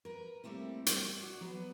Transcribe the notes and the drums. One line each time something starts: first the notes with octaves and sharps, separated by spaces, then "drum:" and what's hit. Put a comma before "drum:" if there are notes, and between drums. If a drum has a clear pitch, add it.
A#4 B4
G3 A3 A#3 C4 E4
G3, drum: hi-hat
F#4 D5
F#3 B3 B4